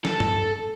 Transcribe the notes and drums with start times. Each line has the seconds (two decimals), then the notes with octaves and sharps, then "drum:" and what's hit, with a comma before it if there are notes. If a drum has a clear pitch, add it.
0.05 A4, drum: snare
0.20 drum: tom G2